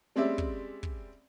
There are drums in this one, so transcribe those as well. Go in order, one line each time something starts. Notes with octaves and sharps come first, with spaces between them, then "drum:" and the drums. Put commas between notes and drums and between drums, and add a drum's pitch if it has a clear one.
G3 G#3 C4 C#4 D5 E5
drum: kick
drum: kick